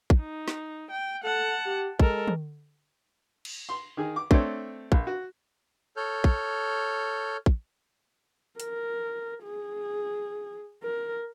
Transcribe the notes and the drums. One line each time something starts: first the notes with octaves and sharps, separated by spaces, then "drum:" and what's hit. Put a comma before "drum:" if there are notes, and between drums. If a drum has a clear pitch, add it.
drum: kick
D#4
drum: snare
G5
A4 F#5 A5
G4
G#3 A4 A#4, drum: kick
drum: tom
drum: cymbal
C6
D#3 G#4
D6
A3 C4 D4 C#5, drum: kick
A#1, drum: kick
F#4
A4 C#5 F6 G6
drum: kick
drum: kick
A#4, drum: hi-hat
G#4
A#4